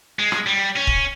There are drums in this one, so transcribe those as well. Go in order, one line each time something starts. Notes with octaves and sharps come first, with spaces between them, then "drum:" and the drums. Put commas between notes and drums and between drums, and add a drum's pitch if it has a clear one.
G#3
drum: rim click
G3
C#4
drum: kick C#1